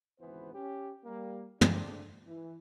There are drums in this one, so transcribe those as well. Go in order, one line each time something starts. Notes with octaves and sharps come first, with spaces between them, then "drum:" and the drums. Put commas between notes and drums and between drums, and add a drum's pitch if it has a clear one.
G#1 C#2 E3 B3 B4 C5
C#4 G4
G3 A#3
C#3 A3 B3 C4 D4, drum: tom
E3